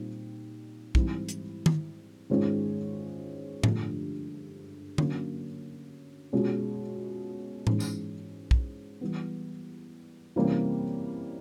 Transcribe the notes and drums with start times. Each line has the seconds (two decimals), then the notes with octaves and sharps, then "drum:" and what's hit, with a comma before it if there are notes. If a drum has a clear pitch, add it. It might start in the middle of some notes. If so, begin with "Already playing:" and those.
Already playing: A#2 G3 C4 D#4 G4
0.95 G#2 E3 G3 C4 E4, drum: kick
1.29 drum: hi-hat
1.66 drum: tom D#3
2.30 G#2 D#3 G#3 C#4 F4
3.64 G2 D3 F3 A3, drum: tom A2
4.98 D3 F#3 A#3 C#4, drum: tom D3
6.33 B2 G#3 C#4 F4
7.67 G#2 E3 G#3 C#4, drum: tom A2
7.80 drum: tambourine
8.51 drum: kick
9.01 E3 G3 B3
10.36 C3 E3 G3 A#3 C#4